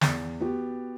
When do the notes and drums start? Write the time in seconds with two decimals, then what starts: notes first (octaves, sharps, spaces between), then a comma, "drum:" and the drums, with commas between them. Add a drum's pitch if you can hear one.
0.01 E2 A6, drum: snare
0.40 B3 F#4 G4